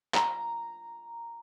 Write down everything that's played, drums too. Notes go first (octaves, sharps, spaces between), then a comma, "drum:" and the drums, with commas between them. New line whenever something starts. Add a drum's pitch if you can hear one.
A#5, drum: clap